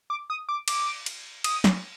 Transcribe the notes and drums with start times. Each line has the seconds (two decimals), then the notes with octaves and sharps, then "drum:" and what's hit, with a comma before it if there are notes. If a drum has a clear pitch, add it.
0.10 D6
0.30 D#6
0.49 D6
0.68 D6, drum: cymbal
1.06 drum: cymbal
1.44 D#6, drum: cymbal
1.64 drum: snare